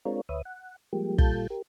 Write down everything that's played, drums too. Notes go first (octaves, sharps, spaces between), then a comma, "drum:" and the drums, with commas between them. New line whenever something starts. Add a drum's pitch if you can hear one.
G#3 C4 D4 F4 A#4 C#5
D2 B4 C#5 E5 D#6
F#5
F3 G3 G#3 A#3 G4
A#2 G3 F4 A4 A5 G6, drum: kick
G4 A#4